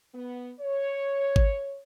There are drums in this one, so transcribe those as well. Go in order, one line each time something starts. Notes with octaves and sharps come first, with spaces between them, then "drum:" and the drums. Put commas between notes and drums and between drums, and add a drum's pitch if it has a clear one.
B3
C#5
drum: kick G#1